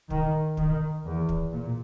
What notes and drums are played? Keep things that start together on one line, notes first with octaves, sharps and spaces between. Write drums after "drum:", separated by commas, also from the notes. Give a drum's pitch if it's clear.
D#3, drum: kick
D#3, drum: kick
E2
drum: kick
A#2